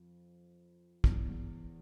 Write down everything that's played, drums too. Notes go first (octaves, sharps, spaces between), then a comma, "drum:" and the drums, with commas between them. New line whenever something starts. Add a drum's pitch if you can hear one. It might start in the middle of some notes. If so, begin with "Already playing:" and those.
Already playing: F2
E2, drum: kick
E2